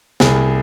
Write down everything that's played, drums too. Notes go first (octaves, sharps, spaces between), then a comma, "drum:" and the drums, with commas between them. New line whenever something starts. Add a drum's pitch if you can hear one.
C2 G#4, drum: snare